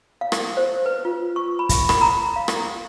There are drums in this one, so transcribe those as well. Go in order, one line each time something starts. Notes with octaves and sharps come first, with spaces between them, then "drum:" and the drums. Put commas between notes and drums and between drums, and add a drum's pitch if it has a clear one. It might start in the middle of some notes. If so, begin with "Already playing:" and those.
F5
drum: rim click
C5
B4
F4
C#6
B5
drum: kick, hi-hat
B5, drum: rim click
A#5
F5
drum: rim click